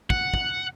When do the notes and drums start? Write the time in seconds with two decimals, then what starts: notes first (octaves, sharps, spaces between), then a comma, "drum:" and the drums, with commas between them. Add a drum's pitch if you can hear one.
0.10 F#5, drum: kick
0.34 drum: kick